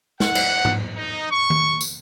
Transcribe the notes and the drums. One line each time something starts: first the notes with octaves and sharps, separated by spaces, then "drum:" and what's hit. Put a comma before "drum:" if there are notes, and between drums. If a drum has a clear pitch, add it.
F#5, drum: snare
drum: cymbal
drum: tom G#2
D#4
C#6
drum: tom D#3
drum: tambourine